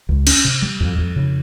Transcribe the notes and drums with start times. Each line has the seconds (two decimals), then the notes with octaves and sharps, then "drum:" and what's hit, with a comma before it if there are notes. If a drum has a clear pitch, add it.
0.09 C#2
0.27 C#4, drum: cymbal
0.45 C3
0.62 G3
0.80 F2
0.98 F2
1.16 C#3